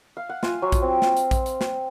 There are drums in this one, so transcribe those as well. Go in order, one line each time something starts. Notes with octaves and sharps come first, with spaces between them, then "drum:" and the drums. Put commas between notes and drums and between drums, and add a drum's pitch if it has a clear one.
F5
F#5
F4 F5 G#5, drum: snare
F#3
drum: kick A#1, hi-hat
C4
drum: snare
drum: hi-hat
drum: kick A#1, hi-hat
drum: hi-hat
drum: snare